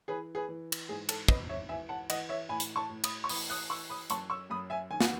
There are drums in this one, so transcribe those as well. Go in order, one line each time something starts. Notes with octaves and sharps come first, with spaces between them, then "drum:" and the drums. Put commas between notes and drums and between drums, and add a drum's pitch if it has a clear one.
E3 G#4 B4
G#4 B4
E3
drum: cymbal
G#2 G#4
A4, drum: cymbal
G#2 B4 D#5, drum: kick
C#5 E5
E3 E5 G#5
F#5 A5
E3 D#5 F#5, drum: cymbal
C#5 E5
A2 G#5 B5
drum: hi-hat
A5 C#6
A2
B5 D#6, drum: cymbal
C#6
E3 B5 D#6, drum: open hi-hat
D#6 F#6
E3 C#6 E6
B5 D#6
F#2 A5 C#6, drum: hi-hat
C#6 E6
F#2 B5 D#6
E5 G#5
D#3 G#5
F#5, drum: snare